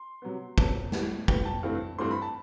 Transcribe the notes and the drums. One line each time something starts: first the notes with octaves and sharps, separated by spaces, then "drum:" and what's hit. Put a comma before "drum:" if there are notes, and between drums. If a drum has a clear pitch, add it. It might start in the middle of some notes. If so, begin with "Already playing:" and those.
Already playing: C6
C3 F#3 B3
C3 F#3 B3 A5, drum: kick
A2 E3 G3 B3, drum: snare
A2 E3 G3 B3 G5, drum: kick
A5
G2 E3 A3 C4
G2 E3 A3 C4 C6
B5
A5